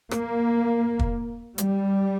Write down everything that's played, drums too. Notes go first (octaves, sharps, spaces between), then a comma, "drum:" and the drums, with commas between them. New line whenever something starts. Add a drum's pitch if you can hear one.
A#3, drum: rim click
drum: kick
G3, drum: hi-hat